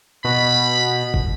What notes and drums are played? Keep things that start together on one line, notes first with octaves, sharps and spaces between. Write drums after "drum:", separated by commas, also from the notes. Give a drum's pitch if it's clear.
B2 B5
drum: kick